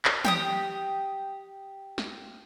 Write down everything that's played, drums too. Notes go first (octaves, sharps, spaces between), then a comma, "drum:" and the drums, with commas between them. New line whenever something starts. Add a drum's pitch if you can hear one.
drum: clap
G4 G5 D#6, drum: tom
drum: snare